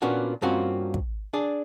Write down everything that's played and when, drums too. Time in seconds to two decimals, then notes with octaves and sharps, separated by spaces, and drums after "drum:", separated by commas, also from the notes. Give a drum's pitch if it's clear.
0.02 A#2 A#3 B3 C#4 D4 F#4
0.42 G2 A#3 C4 C#4 F4 F#4
0.94 drum: kick
1.33 D4 G#4 D5